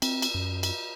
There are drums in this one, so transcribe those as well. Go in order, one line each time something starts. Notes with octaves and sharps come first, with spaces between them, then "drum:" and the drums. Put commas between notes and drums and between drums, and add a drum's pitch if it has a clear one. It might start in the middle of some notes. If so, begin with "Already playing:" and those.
C4, drum: cymbal
drum: cymbal
F#2
drum: cymbal